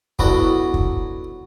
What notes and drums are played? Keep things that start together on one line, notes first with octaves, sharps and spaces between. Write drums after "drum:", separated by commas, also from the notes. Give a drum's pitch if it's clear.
F#3 B3 D4 E4 F#4 A4, drum: kick
drum: kick